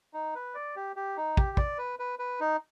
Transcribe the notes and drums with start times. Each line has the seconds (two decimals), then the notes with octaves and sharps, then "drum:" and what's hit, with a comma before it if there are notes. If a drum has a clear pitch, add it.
0.13 D#4
0.35 B4
0.55 D5
0.76 G4
0.96 G4
1.17 D#4
1.37 G4, drum: kick
1.57 D5, drum: kick
1.78 B4
1.99 B4
2.19 B4
2.40 D#4